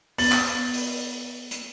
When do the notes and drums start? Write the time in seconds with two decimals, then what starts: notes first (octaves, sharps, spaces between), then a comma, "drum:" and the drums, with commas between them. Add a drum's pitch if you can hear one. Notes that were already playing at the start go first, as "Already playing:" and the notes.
0.18 B3 A6 F#7, drum: open hi-hat
0.32 drum: clap
0.74 drum: open hi-hat
1.51 drum: hi-hat